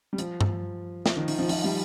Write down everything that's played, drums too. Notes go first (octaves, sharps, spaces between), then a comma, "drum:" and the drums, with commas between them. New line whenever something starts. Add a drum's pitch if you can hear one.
G3
F3, drum: hi-hat
drum: tom G2
F3, drum: snare
D#3
D#3, drum: open hi-hat
F3
F3, drum: open hi-hat
G3